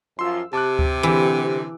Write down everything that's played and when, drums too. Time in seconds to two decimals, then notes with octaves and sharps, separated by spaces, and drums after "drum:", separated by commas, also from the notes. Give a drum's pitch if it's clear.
0.19 F#2 F3 F4 C6 E6
0.53 C3 G4 A5 D6 F#6
0.79 drum: kick D2
1.03 D3 E3 C4 E6